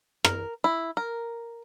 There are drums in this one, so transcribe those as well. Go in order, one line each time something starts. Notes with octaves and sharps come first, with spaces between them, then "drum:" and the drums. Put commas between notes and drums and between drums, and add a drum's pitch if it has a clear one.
A#4, drum: rim click
E4
A#4